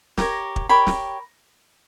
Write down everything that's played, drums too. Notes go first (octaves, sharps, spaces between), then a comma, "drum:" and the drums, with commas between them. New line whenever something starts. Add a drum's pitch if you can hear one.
G4 A#4 C#5 A#5, drum: snare
drum: kick
G4 A#4 C#5 B5
drum: snare